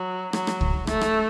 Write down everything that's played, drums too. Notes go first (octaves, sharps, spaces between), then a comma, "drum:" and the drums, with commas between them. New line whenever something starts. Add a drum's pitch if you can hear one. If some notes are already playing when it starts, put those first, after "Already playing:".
Already playing: F#3
F#3, drum: rim click
drum: rim click
drum: kick
A3, drum: rim click
drum: rim click